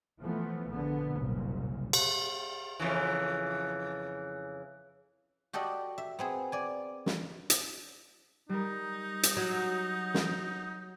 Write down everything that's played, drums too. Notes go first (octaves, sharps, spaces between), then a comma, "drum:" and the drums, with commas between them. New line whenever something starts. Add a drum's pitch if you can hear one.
E3 F3 A3 B3
A#1 D3 B3
F#1 C2 A#2
drum: cymbal
F2 C#3 E3
F#4 G4 A4 D5 D#5
E5
B3 C4 G#4
D5 G#5
drum: snare
drum: hi-hat
G3 D#4 A#4
drum: hi-hat
F#3
drum: snare